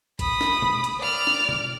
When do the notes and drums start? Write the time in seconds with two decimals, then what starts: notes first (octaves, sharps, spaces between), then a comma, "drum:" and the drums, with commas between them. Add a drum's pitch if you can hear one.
0.19 B5 D#6, drum: kick, hi-hat
0.41 drum: snare
0.62 drum: tom
0.84 drum: hi-hat
0.99 D5 F6
1.27 drum: snare
1.49 drum: tom B2